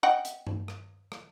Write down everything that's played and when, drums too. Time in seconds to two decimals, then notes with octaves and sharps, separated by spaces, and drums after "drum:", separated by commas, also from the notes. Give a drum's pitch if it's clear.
0.03 D#5 F#5 G5
0.25 drum: hi-hat
0.47 drum: tom G2
0.68 drum: rim click
1.12 drum: rim click